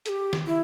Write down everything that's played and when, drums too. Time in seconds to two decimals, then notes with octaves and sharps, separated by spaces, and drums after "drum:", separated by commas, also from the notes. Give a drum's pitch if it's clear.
0.06 A4, drum: hi-hat
0.09 G4
0.33 drum: snare
0.47 E4